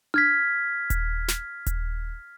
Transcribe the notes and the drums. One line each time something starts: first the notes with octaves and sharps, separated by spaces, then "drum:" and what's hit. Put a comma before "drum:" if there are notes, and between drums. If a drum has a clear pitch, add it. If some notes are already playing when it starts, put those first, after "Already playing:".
F6 G#6 B6, drum: tom D4
drum: kick D#1, hi-hat
drum: snare
drum: kick D#1, hi-hat